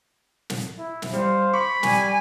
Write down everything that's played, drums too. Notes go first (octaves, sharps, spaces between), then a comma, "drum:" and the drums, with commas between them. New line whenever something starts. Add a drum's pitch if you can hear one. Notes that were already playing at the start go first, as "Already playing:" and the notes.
drum: snare
E4
drum: snare
G3 C5 F5
B5 C#6 D6
G3 G#5, drum: snare